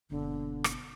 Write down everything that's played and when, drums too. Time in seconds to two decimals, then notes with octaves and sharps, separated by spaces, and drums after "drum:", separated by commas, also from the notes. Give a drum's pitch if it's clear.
0.10 F#1 B2 D3
0.64 drum: rim click